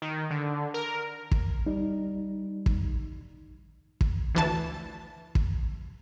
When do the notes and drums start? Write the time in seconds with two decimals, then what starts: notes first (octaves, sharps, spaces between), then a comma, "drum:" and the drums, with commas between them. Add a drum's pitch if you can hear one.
0.02 D#3
0.31 D3
0.74 A#4
1.32 drum: kick
1.66 G3 D#4
2.66 drum: kick
4.01 drum: kick
4.35 D2 E3 A5
5.35 drum: kick